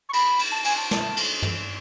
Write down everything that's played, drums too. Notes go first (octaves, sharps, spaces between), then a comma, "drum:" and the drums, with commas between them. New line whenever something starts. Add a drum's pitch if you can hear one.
C#6
B5, drum: cymbal
drum: cymbal
A5
G#5, drum: cymbal
A5
A5, drum: snare
drum: cymbal
drum: tom